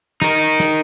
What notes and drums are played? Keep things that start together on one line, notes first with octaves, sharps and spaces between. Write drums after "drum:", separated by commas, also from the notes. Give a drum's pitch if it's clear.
D#4 A#4, drum: snare
drum: snare